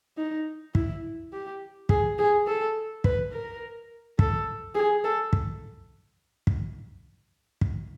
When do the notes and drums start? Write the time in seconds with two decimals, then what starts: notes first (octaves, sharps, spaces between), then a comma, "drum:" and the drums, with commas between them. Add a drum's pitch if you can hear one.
0.18 D#4
0.75 E4, drum: kick
1.33 G4
1.89 G#4, drum: kick
2.19 G#4
2.47 A4
3.04 B4, drum: kick
3.32 A#4
4.19 A4, drum: kick
4.75 G#4
5.04 A4
5.33 drum: kick
6.47 drum: kick
7.61 drum: kick